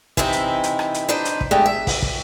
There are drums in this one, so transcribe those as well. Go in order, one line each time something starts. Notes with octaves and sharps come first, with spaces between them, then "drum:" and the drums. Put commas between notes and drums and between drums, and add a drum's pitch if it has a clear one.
C3 E3 C4 D#4 E4, drum: kick
drum: hi-hat
drum: hi-hat
drum: rim click
drum: hi-hat
D4 D#4 B4 C5
drum: hi-hat
drum: kick
G#3 A3 B3 D4 G4
E5
drum: kick, open hi-hat
drum: kick